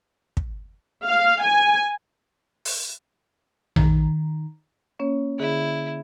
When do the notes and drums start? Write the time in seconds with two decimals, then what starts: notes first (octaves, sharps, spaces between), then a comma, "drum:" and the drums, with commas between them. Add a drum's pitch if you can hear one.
0.37 drum: kick
1.07 F5
1.44 G#5
2.65 drum: open hi-hat
3.76 D#3, drum: tom A#1
4.99 A#3 C#4 C#5
5.40 D3 E4 G#4